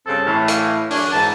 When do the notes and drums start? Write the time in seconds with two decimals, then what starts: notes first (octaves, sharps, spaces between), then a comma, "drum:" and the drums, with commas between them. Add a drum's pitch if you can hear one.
0.06 G2 C#3 C4 A4
0.26 A2 E3
0.48 F5, drum: hi-hat
0.91 F#2 C#4 D4 C#5, drum: open hi-hat
1.12 G#2 E3 A5